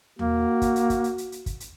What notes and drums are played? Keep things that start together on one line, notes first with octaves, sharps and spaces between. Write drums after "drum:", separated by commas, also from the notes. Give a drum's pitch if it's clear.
A#3 F#4, drum: tom D#2
drum: kick, hi-hat
drum: hi-hat
drum: kick, hi-hat
drum: hi-hat
drum: hi-hat
drum: hi-hat
drum: kick, hi-hat
drum: hi-hat